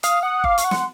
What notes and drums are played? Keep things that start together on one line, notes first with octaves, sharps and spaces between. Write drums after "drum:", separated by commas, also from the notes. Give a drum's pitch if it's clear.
F5 D#6, drum: hi-hat
F#5 D#6
F5 D6, drum: kick G1
C#6, drum: hi-hat
F#5
C6, drum: snare